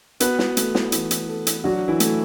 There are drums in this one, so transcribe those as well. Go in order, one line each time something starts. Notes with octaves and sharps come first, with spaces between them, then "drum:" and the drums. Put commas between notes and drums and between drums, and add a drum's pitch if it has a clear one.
B3 F#4 B4, drum: hi-hat
drum: snare
A3, drum: hi-hat
drum: snare
E3, drum: hi-hat
drum: hi-hat
A4
drum: hi-hat
F#3 D4 F#4
E3 E4
A3, drum: hi-hat